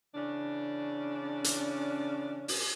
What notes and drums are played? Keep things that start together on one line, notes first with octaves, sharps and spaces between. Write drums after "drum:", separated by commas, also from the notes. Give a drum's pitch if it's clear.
C#3 E3 C#4 D4
drum: hi-hat
drum: open hi-hat